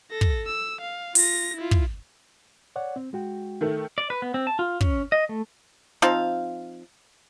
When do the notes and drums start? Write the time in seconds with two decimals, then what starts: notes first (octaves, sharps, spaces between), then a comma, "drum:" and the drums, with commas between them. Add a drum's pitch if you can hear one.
0.10 A4 A#6
0.21 drum: kick
0.46 E6
0.81 F5
1.15 F4 A#6, drum: open hi-hat
1.57 E4 F4
1.71 drum: kick
2.76 C#5 D5 F#5
2.96 C4
3.13 G#3 F#4 G5
3.61 D#3 A3
3.98 D5
4.10 B4
4.22 B3
4.34 C4
4.47 A5
4.59 F4
4.81 C#4, drum: kick
5.12 D#5
5.29 A3
6.02 F3 C4 D#4 F5